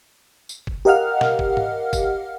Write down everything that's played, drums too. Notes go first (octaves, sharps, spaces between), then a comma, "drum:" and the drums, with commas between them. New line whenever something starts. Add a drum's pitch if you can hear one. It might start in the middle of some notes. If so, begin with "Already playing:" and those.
drum: tambourine
drum: kick F#1
G4 A#4 D#5 F5 F#5 F6
drum: snare
drum: kick F#1
drum: tom G#2
drum: kick F#1, tambourine